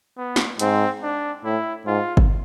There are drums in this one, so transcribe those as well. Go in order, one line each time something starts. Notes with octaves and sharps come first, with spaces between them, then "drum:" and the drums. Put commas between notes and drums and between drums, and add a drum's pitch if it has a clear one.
B3
drum: snare
G#2 C4, drum: hi-hat
D4
A2 E4
G#2 F4
drum: kick G1